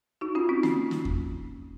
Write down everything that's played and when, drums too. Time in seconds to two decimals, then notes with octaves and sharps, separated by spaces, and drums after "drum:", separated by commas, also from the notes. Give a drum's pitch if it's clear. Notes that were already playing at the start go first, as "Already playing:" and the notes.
0.21 D#4 F#4
0.35 C#4 F4
0.49 C4 D#4
0.63 A#3 C#4, drum: snare
0.91 drum: snare
1.05 drum: kick E2